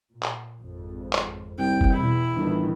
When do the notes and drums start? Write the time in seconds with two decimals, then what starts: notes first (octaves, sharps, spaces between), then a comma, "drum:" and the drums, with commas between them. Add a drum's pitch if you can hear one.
0.12 A#2
0.23 drum: clap
0.62 G#1 F2
1.13 drum: clap
1.58 C2 G5
1.81 drum: kick
1.92 E2 B2 E4
2.36 G1 A2 D#3 E3